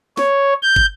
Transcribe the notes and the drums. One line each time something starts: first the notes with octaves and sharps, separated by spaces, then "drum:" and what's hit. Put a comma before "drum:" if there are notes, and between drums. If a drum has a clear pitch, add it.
C#5, drum: snare
G6
drum: kick